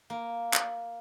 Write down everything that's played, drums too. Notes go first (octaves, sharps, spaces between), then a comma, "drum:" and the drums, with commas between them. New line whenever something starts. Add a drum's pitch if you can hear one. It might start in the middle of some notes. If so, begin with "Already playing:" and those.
A#3
drum: clap